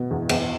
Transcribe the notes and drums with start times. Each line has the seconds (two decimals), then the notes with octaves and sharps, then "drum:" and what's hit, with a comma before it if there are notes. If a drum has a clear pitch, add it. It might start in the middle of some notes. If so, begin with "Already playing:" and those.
Already playing: B2 B3
0.11 E2
0.29 E2, drum: cymbal